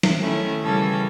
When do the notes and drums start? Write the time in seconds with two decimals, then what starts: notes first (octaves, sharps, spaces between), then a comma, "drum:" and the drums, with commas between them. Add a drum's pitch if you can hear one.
0.03 drum: snare
0.21 D#3 A3 C#4 E4
0.63 C#3 E3 G3 C#4 A4 A#4